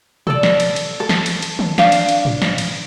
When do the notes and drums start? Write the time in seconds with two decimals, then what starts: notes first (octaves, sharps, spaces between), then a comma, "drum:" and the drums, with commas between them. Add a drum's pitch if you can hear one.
0.27 A4 D5, drum: tom
0.43 drum: snare
0.60 drum: cymbal
0.76 drum: cymbal
1.00 A4
1.09 drum: snare
1.26 drum: cymbal
1.42 drum: cymbal
1.59 drum: tom
1.78 D4 F5, drum: snare
1.92 drum: cymbal
2.09 drum: cymbal
2.25 drum: tom G#2
2.42 drum: snare
2.58 drum: cymbal